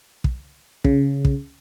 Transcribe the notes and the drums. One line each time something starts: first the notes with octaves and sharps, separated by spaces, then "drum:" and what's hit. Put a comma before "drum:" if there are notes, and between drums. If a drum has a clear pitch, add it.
drum: kick
C#3, drum: kick
drum: kick